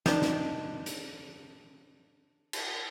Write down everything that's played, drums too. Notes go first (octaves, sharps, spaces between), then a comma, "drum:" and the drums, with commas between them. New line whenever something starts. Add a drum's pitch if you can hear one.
D#3 D4, drum: snare
drum: snare
drum: hi-hat
drum: cymbal